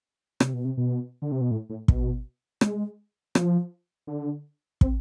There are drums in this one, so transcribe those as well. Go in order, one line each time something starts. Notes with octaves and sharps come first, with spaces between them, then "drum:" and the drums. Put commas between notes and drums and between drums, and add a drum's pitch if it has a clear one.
C3, drum: rim click
B2
C3
B2
D3
C3
B2
A2
A2
B2, drum: kick
G#3, drum: rim click
F3, drum: rim click
D3
C4, drum: kick